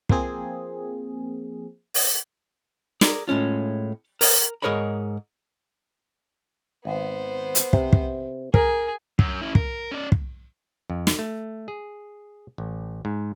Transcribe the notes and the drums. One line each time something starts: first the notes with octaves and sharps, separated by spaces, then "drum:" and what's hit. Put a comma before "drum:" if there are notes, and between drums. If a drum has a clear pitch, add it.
F3 A#3 C4 G#4, drum: kick
drum: open hi-hat
G#4 A#4 D5, drum: snare
A2 G#3 C#4 F4
A#4, drum: open hi-hat
G#2 G#4 A#4 C#5 D#5 B5
G#1 B3 C5
drum: hi-hat
C3, drum: kick
drum: kick
G#4 A#4, drum: kick
F#2, drum: kick
C#4 E4
A#4, drum: kick
C#4 D5
drum: kick
F2
drum: snare
A3
G#4
A1
G#2